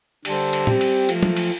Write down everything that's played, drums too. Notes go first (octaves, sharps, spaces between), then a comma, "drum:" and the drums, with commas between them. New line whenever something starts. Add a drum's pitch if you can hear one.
D3 G3 D4 A4 C5, drum: cymbal
drum: cymbal
G3 C4 G4, drum: tom
drum: cymbal
F3 A3 F4, drum: cymbal
drum: tom
drum: cymbal